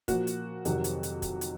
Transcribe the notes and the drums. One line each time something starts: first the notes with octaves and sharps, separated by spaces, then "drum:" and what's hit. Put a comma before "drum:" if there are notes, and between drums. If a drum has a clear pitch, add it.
A#2 F3 F#4, drum: kick, hi-hat
drum: hi-hat
F2 C3 D#3 F#3, drum: hi-hat
drum: hi-hat
drum: hi-hat
drum: kick, hi-hat
drum: hi-hat